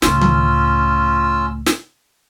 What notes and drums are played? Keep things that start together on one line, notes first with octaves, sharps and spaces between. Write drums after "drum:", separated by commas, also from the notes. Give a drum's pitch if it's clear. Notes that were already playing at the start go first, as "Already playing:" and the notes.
C#2 A2 C#4 F4 E6, drum: snare
drum: tom D#3
drum: snare